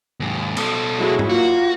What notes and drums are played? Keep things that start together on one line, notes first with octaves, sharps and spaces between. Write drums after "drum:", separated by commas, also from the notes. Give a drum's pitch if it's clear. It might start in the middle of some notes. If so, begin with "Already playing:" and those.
D#2 G#2
B2 A4, drum: cymbal
F#3 G#3 E4
drum: tom G#2
A#3 F4 F#4